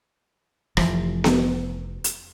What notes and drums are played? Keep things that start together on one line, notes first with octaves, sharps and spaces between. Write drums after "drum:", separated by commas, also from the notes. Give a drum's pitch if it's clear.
F1 E3 F3, drum: rim click
drum: snare B3
drum: hi-hat